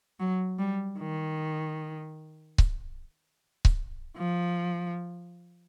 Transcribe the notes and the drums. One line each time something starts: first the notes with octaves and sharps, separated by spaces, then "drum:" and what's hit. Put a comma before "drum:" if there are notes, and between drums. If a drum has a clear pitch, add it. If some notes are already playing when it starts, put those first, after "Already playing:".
F#3
G3
D#3
drum: kick C#1
drum: kick C#1
F3